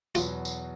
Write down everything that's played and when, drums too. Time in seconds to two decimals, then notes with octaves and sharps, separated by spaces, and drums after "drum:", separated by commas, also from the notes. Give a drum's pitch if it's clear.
0.15 E2 B2 F#3 F4, drum: tambourine
0.45 drum: tambourine